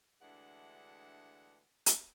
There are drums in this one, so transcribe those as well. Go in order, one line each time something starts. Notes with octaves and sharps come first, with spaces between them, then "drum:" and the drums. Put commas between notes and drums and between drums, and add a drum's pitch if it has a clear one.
D2 E3 G#3 D4 F#5
drum: hi-hat